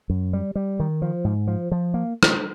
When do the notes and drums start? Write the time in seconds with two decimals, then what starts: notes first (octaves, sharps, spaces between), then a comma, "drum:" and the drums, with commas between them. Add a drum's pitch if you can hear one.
0.10 F#2
0.33 G3
0.55 G3
0.80 D#3
1.02 F3
1.24 G#2
1.47 F3
1.72 F3
1.94 A#3
2.23 drum: rim click